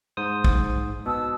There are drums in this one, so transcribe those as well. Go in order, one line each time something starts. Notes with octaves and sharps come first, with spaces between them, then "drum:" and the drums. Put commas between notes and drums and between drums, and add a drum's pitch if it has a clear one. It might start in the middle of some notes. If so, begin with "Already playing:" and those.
G#2 C5 D#6
drum: kick
B2 A5 D#6 E6